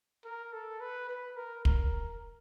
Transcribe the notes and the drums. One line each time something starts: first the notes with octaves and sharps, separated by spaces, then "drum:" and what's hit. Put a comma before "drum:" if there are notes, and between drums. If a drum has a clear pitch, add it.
A#4
A4
B4
B4
A#4
A#4, drum: kick